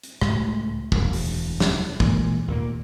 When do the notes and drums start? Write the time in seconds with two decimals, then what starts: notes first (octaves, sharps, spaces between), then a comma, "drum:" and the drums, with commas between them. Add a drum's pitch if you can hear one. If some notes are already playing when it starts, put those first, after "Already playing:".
0.03 drum: hi-hat
0.21 C#2 A2 G#3, drum: rim click
0.92 E1 D2, drum: kick
1.13 drum: open hi-hat
1.60 drum: snare
2.00 A#2 E3 G#3, drum: kick
2.48 D#2 A#2 A#3